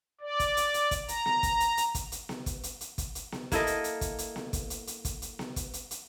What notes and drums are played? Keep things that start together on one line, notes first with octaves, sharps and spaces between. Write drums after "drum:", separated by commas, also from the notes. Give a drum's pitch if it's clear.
D5
drum: kick, hi-hat
drum: hi-hat
drum: hi-hat
drum: kick, hi-hat
A#5, drum: hi-hat
drum: snare B3
drum: kick, hi-hat
drum: hi-hat
drum: hi-hat
drum: kick, hi-hat
drum: hi-hat
drum: snare B3
drum: kick, hi-hat
drum: hi-hat
drum: hi-hat
drum: kick, hi-hat
drum: hi-hat
drum: snare B3
A#3 E4 A4 D#5, drum: kick, hi-hat
drum: hi-hat
drum: hi-hat
drum: kick, hi-hat
drum: hi-hat
drum: snare B3
drum: kick, hi-hat
drum: hi-hat
drum: hi-hat
drum: kick, hi-hat
drum: hi-hat
drum: snare B3
drum: kick, hi-hat
drum: hi-hat
drum: hi-hat